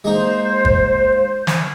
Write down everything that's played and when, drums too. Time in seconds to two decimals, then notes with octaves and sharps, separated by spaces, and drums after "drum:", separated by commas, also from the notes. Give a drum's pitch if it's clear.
0.04 G#3 A#3 D#4 C5
0.65 drum: kick G1
1.47 drum: snare